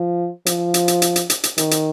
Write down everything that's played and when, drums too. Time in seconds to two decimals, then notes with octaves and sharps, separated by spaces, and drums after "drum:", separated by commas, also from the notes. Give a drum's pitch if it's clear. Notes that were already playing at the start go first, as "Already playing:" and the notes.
Already playing: F3
0.46 F3, drum: hi-hat
0.74 drum: hi-hat
0.88 drum: hi-hat
1.02 drum: hi-hat
1.16 drum: hi-hat
1.30 drum: hi-hat
1.43 drum: hi-hat
1.58 D#3, drum: hi-hat
1.71 drum: hi-hat